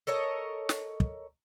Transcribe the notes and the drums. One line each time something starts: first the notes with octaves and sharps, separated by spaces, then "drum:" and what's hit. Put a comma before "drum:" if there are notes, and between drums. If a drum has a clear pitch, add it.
A4 A#4 C#5 D#5
drum: snare
drum: kick